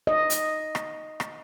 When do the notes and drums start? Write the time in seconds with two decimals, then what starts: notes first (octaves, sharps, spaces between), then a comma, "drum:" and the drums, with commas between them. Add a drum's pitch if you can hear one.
0.07 D#5
0.30 drum: hi-hat
0.75 drum: rim click
1.20 drum: rim click